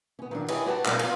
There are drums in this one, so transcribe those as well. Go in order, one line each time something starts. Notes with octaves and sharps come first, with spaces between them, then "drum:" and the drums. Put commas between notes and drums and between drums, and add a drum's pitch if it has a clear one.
B3 C#4
D#3 F#3 D4
E4 G4 G#4 B4 C#5 D#5, drum: cymbal
G3 F#4 B4 D5 G5 A5
A#2 F#3 G#3 C4 A#4, drum: clap
F#3 B3 F4, drum: cymbal